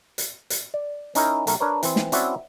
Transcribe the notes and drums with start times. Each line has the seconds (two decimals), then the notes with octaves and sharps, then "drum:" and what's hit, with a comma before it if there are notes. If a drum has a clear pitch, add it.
0.18 drum: hi-hat
0.50 drum: hi-hat
0.74 D5
1.15 C#4 D#4 E4 A#4, drum: hi-hat
1.47 B1 A3 A#4, drum: hi-hat
1.60 D4 A#4 B4 C#5
1.83 E3 C4, drum: hi-hat
1.96 drum: snare
2.12 C4 C#4 E4 F#4 D5 E5, drum: hi-hat